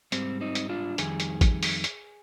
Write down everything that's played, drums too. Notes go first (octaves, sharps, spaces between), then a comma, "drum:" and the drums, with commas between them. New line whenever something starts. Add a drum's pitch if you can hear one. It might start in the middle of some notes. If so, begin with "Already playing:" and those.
G#2 G3 C4, drum: hi-hat
C4 D#4
drum: hi-hat
D4 F4
F2 D#3 G3 G#4, drum: hi-hat
drum: hi-hat
drum: kick, hi-hat
drum: open hi-hat
drum: hi-hat